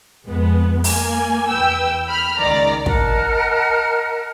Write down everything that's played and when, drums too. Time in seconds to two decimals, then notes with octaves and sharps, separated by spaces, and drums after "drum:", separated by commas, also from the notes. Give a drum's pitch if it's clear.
0.26 F2 G#3 B3
0.84 A#3 G#5, drum: open hi-hat
1.48 E2 B4 G5 E6
2.08 B5 F6
2.39 C#2 D#3 D5 A#5
2.86 A#4 D#5 F#5 A5, drum: kick